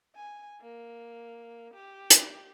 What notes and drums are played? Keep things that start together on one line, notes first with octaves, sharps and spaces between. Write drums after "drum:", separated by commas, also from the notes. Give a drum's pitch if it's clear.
G#5
A#3
G4
drum: hi-hat